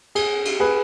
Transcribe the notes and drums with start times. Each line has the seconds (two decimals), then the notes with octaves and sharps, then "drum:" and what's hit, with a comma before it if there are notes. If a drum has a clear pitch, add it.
0.15 G#4, drum: cymbal
0.45 drum: cymbal
0.60 G#4 B4